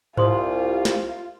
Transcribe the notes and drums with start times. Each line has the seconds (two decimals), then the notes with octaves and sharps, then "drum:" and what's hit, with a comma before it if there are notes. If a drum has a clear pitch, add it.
0.17 C2 F4 C5 C6 D#6, drum: tom G#2
0.85 drum: snare